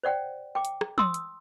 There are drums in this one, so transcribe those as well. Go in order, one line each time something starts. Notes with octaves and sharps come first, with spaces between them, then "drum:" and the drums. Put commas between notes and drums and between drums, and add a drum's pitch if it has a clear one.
C5 D5 F#5 G5
G5 D6
drum: hi-hat
drum: rim click
C6 D#6 E6, drum: tom
drum: hi-hat